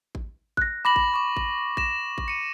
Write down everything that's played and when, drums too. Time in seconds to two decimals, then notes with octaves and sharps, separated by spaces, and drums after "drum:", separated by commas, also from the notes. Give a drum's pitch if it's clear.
0.15 drum: kick A1
0.57 F#6 A#6, drum: kick A1
0.85 B5 D6 A#6 F#7
0.96 drum: kick A1
1.14 C#6 D6
1.37 drum: kick A1
1.77 A#6 E7, drum: kick A1
2.18 drum: kick A1
2.28 C#7 D#7